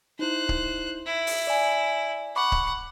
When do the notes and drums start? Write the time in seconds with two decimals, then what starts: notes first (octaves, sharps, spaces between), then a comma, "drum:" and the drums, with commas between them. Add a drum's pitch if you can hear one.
0.19 D#4 E4 C5 F#6
0.49 drum: kick C#1
1.06 E4
1.27 drum: open hi-hat
1.47 D5 G#5
2.36 F#5 B5 C#6 D6
2.52 drum: kick C#1